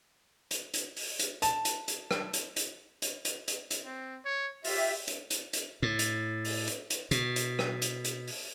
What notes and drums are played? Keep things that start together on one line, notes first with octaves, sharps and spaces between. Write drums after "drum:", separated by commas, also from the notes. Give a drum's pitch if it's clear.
drum: hi-hat
drum: hi-hat
drum: open hi-hat
drum: hi-hat
A5, drum: hi-hat
drum: hi-hat
drum: hi-hat
drum: rim click
drum: hi-hat
drum: hi-hat
drum: hi-hat
drum: hi-hat
drum: hi-hat
drum: hi-hat
C4
C#5
F4 G4 E5, drum: open hi-hat
drum: hi-hat
drum: hi-hat
drum: hi-hat
A2
drum: hi-hat
drum: open hi-hat
drum: hi-hat
drum: hi-hat
B2, drum: hi-hat
drum: hi-hat
drum: rim click
drum: hi-hat
drum: hi-hat
drum: open hi-hat